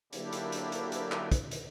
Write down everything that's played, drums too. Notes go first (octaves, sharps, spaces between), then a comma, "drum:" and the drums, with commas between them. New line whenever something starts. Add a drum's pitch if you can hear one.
D3 F#3 A#3 D4 E4 G4, drum: hi-hat
drum: hi-hat
drum: hi-hat
drum: hi-hat
drum: hi-hat
drum: clap
drum: kick, hi-hat
drum: hi-hat